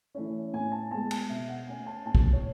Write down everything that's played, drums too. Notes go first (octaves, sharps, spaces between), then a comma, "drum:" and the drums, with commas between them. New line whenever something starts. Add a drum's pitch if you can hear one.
E3 A3 C#4
A2 G#5
A5
G#3 B3 A5
A5, drum: cymbal
B2 E5
F#5
A3 C#4 G#5
A5
A2 A5
drum: kick
C#5